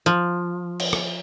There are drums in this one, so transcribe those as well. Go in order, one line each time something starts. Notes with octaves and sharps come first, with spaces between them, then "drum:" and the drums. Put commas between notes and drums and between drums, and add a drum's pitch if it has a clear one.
F3
drum: cymbal
drum: rim click